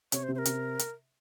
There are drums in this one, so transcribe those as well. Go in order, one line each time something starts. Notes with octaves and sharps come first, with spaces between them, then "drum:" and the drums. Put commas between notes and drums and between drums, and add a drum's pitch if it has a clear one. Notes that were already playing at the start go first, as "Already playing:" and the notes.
C3 C#5, drum: hi-hat
C5
C3
C5
A#4
C3, drum: hi-hat
drum: hi-hat